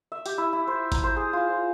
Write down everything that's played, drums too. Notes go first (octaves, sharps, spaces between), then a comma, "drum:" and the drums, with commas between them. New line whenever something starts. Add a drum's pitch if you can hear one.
E5
G4, drum: hi-hat
E4
E4
C5
A#5, drum: kick A1, hi-hat
C5
G#4
F4
C5